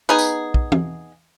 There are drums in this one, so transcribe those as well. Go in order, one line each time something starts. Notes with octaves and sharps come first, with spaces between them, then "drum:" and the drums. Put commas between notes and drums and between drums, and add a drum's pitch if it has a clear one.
B3 D#4 G#4
drum: tambourine
drum: kick
drum: tom